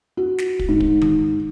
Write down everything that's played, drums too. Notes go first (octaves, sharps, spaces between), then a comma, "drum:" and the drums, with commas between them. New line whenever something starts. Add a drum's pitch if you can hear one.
F#4
drum: snare
drum: kick
G#2
drum: kick
drum: tom D#3